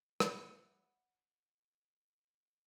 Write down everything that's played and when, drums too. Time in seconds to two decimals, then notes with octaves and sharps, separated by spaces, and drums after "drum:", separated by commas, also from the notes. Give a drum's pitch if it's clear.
0.20 F#5 B5, drum: rim click